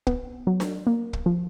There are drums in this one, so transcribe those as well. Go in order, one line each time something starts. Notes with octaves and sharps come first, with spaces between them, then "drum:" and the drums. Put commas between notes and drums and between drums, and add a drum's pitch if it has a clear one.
B3, drum: kick
F#3
drum: snare D4
A#3
drum: kick
F3